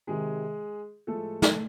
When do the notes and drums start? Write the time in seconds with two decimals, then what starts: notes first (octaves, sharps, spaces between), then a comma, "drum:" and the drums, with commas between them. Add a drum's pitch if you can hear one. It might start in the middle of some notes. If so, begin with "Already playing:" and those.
0.07 C3 D#3 G#3 G#4
1.07 A2 F3 G#3 A3 A4
1.42 drum: snare
1.53 A4